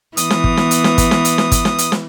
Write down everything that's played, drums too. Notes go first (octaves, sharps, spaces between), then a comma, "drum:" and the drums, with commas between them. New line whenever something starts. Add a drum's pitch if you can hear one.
E3 B3 D#6, drum: hi-hat
drum: snare
drum: kick
drum: snare
drum: hi-hat
drum: snare
drum: kick, hi-hat
drum: snare
drum: hi-hat
drum: snare
drum: kick, hi-hat
drum: snare
drum: hi-hat
drum: snare